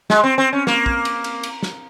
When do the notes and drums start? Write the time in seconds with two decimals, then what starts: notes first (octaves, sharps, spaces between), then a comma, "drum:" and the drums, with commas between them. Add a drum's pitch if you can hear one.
0.10 G#3, drum: snare
0.23 C4
0.38 C4
0.53 C#4
0.67 A#3, drum: snare
0.86 drum: kick
1.05 drum: cymbal
1.24 drum: cymbal
1.43 drum: cymbal
1.63 drum: snare